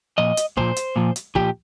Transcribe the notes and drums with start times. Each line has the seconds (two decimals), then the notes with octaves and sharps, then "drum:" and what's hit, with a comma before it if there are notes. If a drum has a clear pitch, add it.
0.18 A#2 F3 D#5
0.37 drum: hi-hat
0.57 A#2 F3 C5, drum: kick
0.76 drum: hi-hat
0.96 A#2 F3
1.16 drum: hi-hat
1.35 A#2 F3 G4, drum: kick